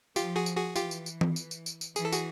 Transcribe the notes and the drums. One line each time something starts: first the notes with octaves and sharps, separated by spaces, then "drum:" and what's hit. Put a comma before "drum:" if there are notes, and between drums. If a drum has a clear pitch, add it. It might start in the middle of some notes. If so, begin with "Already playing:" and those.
F3 F4 G4, drum: tambourine
F#4 G#4
drum: tambourine
F#4 G#4
E3 F4 G4, drum: tambourine
drum: tambourine
drum: tambourine
drum: tom E3
drum: tambourine
drum: tambourine
drum: tambourine
drum: tambourine
E3 G#4, drum: tambourine
A4
F#4 G#4, drum: tambourine